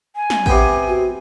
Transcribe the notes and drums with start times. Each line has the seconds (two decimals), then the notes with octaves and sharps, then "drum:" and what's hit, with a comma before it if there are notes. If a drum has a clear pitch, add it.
0.16 G#5
0.30 drum: snare
0.46 C3 B3 G5, drum: kick
0.88 F#4